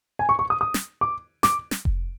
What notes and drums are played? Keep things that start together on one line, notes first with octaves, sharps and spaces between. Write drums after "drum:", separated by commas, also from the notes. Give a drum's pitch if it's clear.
G#5
C#6
C#6
D#6
D#6
drum: snare
D6
D6, drum: snare
drum: snare
drum: kick F1